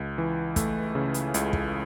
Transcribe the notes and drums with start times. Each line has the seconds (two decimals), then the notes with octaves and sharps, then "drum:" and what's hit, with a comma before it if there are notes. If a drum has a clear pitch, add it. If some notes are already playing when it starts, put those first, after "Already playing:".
Already playing: C#2
0.18 E3
0.56 A3, drum: kick, hi-hat
0.95 C#3
1.14 drum: hi-hat
1.34 C#2, drum: hi-hat
1.53 drum: kick